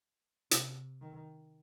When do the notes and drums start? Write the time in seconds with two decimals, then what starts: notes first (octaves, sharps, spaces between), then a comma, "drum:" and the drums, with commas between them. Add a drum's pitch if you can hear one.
0.51 C3, drum: hi-hat
1.01 D#3